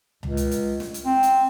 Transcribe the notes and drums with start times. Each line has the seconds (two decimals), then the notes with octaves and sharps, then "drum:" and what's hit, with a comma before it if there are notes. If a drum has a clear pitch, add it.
0.23 C#2, drum: tom C#2
0.37 drum: hi-hat
0.51 drum: hi-hat
0.80 drum: snare
0.94 drum: hi-hat
1.05 C4
1.23 drum: hi-hat